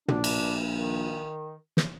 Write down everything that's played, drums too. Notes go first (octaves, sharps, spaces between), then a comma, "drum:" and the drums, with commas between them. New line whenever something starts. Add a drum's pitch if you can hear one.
A#1 D4, drum: tom
drum: cymbal
D#3
drum: snare